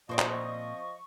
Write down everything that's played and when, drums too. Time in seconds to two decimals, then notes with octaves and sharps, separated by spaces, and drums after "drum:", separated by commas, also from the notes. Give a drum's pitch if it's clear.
0.09 A#2 F3 C4 C5 D5 D#5 C#6
0.19 drum: clap